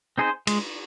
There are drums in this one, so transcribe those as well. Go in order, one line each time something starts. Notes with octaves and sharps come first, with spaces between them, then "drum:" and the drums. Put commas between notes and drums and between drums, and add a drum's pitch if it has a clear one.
C4 D#4 G#4 C5
G#3, drum: cymbal